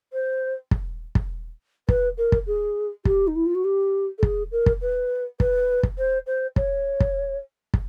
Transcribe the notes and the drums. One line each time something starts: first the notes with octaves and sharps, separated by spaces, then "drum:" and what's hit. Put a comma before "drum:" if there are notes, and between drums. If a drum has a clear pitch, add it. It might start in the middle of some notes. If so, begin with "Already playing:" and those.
C5
drum: kick
drum: kick
B4, drum: kick
A#4
drum: kick
G#4
G4, drum: kick
D#4
E4
F4
F#4
G4
A4
G#4, drum: kick
A#4
drum: kick
B4
B4, drum: kick
drum: kick
C5
C5
C#5, drum: kick
drum: kick
drum: kick